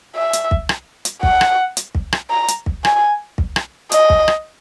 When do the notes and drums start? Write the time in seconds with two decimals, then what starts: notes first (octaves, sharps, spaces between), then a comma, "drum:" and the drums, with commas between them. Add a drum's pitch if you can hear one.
0.16 E5
0.33 drum: hi-hat
0.51 drum: kick
0.69 drum: rim click
1.05 drum: hi-hat
1.23 F#5, drum: kick
1.41 drum: rim click
1.77 drum: hi-hat
1.95 drum: kick
2.13 drum: rim click
2.30 A#5
2.48 drum: hi-hat
2.66 drum: kick
2.85 G#5, drum: rim click
3.38 drum: kick
3.56 drum: rim click
3.92 D#5, drum: hi-hat
4.10 drum: kick
4.28 drum: rim click